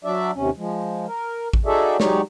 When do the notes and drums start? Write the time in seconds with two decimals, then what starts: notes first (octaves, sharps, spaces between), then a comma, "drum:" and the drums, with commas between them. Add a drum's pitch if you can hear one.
0.05 F#3 D4 D5 E5
0.35 D#2 C3 C#4
0.57 F3 G#3
1.07 A#4
1.53 drum: kick A1
1.66 D#4 F#4 G#4 A4 D5 E5
2.00 F#3 G#3 D#4 G4 C#5 D5, drum: snare